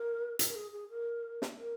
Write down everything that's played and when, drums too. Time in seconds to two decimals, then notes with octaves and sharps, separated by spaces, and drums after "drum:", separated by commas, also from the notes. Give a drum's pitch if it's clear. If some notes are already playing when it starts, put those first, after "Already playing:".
Already playing: A#4
0.39 drum: hi-hat
0.49 A#4
0.55 G#4
0.72 G#4
0.90 A#4
1.42 drum: snare
1.58 A#4